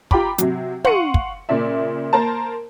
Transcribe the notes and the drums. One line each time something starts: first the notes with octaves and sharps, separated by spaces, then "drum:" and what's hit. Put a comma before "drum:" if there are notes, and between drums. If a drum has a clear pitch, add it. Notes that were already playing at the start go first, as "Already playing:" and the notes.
F4 G4 G5 A#5 B5 D6, drum: kick
C3 F#3, drum: hi-hat
F5 F#5 C6 C#6 C#7 D#7, drum: tom
drum: kick
A#2 C#3 D5 E5
A#3 A#4 C5 A5